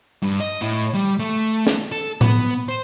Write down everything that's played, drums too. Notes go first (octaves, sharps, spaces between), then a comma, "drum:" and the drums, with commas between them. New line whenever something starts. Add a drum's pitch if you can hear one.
G2
D#5
A2
G3
A3
drum: snare
A4
B3, drum: tom A2
C5